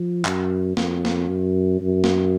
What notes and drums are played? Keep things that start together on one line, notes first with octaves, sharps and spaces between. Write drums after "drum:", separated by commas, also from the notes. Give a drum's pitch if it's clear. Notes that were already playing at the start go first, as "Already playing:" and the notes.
Already playing: F3
F#2, drum: clap
F2, drum: snare
drum: snare
F#2
F#2
drum: snare